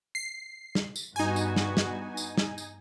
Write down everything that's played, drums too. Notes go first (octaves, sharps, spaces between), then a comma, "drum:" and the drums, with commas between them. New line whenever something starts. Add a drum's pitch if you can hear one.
C7
drum: snare
drum: tambourine
G2 B3 D#4 F#4 G#5
drum: tambourine
drum: snare
drum: snare
drum: tambourine
drum: snare
drum: tambourine